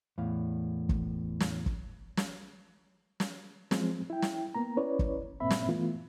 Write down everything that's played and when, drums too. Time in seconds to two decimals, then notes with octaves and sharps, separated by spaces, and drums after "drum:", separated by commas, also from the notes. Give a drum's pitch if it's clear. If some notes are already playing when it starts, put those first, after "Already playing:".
0.18 E2 A2 F5
0.89 drum: kick
1.40 drum: snare
1.66 drum: kick
2.17 drum: snare
3.20 drum: snare
3.71 F3 F#3 G#3 C4, drum: snare
4.10 E4 G5
4.22 drum: snare
4.55 A#3 B3 A#5
4.77 C#4 E4 B4 C#5 D5
4.99 drum: kick
5.40 G2 A#2 A#3 C4 E5 B5
5.50 drum: snare
5.68 E3 A3 B3 F4